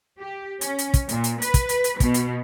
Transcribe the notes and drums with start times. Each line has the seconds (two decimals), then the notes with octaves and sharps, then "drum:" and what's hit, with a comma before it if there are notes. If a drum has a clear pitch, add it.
0.20 G4
0.61 C#4, drum: hi-hat
0.79 drum: hi-hat
0.94 drum: kick, hi-hat
1.09 A#2, drum: hi-hat
1.24 drum: hi-hat
1.42 B4, drum: hi-hat
1.54 drum: kick, hi-hat
1.69 drum: hi-hat
1.84 drum: hi-hat
2.00 B2, drum: kick, hi-hat
2.14 drum: hi-hat